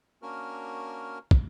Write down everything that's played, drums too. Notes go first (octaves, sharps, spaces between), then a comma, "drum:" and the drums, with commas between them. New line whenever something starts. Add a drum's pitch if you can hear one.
A#3 C#4 D4 F#4 A#4 F6
drum: kick